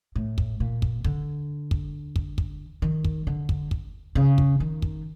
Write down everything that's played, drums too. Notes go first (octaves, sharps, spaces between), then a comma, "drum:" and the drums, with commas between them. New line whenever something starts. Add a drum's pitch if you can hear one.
A2
drum: kick
A#2
drum: kick
D3, drum: kick
drum: kick
drum: kick
drum: kick
D#3
drum: kick
D3
drum: kick
drum: kick
C#3
drum: kick
D#3
drum: kick